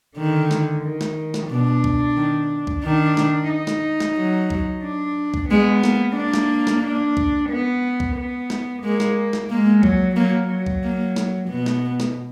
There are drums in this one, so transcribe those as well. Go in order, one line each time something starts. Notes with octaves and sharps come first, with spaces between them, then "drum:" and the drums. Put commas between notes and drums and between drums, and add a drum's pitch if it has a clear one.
D3 D#3
drum: snare
D#3
drum: snare
drum: snare
B2 D4
drum: kick
D#3
drum: kick
D#3 D4
drum: snare
D#4
drum: snare
drum: snare
F#3
drum: kick
D4
drum: kick
G#3 B3
A#3, drum: snare
A#3 D4
drum: snare
drum: snare
D4
drum: kick
B3
drum: kick
B3
drum: snare
G#3 A#3
drum: snare
drum: snare
G#3 A#3
F#3, drum: kick
F#3 A#3
F#3
drum: kick
A#3
drum: snare
B2 B3
drum: snare
drum: snare